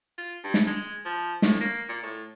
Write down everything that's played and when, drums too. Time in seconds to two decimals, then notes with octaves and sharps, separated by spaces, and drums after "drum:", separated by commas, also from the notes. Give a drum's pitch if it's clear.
0.18 F4
0.44 G2
0.54 drum: snare
0.67 G#3
1.05 F3
1.42 A2, drum: snare
1.60 A#3
1.89 A#2
2.03 A2